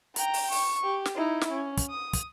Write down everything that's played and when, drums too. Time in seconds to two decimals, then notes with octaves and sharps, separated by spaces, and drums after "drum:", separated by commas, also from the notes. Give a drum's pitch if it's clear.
0.16 G5 A#5, drum: hi-hat
0.34 drum: open hi-hat
0.52 C#6, drum: open hi-hat
0.84 G4
1.05 drum: snare
1.15 D#4 E4
1.41 drum: snare
1.52 C#4
1.77 drum: kick, hi-hat
1.90 D#6
2.13 drum: kick, hi-hat